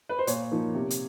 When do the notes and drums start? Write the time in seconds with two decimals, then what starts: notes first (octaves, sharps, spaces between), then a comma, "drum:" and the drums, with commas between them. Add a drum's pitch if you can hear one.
0.09 B4
0.18 C5
0.27 A#2 C#5, drum: hi-hat
0.51 F3 A#3 D#4
0.75 C3
0.90 drum: hi-hat